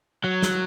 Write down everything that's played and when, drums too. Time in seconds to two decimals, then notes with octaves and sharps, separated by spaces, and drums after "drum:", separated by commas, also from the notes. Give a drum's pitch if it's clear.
0.24 F#3
0.42 drum: snare